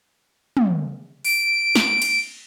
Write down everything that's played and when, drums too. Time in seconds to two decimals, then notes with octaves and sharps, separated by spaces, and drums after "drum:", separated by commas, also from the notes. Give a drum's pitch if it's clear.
0.57 drum: tom
1.25 D7, drum: open hi-hat
1.75 drum: snare
2.02 drum: cymbal